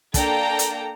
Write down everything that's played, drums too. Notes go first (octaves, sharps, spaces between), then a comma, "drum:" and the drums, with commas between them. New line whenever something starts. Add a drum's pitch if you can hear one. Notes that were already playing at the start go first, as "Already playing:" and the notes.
A#3 D4 A4 G5 A#5, drum: kick, hi-hat
drum: hi-hat